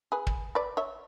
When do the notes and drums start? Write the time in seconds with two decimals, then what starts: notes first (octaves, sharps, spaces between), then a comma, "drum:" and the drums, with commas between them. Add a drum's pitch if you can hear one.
0.12 G#4 B4
0.27 drum: kick
0.55 B4 D5
0.77 C#5 E5